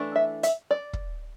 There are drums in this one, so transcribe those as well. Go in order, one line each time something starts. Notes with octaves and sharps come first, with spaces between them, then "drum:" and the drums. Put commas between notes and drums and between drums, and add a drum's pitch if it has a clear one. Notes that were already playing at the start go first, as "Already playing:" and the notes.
Already playing: E3 A3 D4
E5
E5, drum: hi-hat
D5
drum: kick